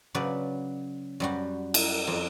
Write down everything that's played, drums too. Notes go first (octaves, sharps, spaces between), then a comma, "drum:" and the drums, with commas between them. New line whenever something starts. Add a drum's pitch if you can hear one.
C#3 F#3 B4 D5
F#2 G3 F#4
drum: cymbal
F2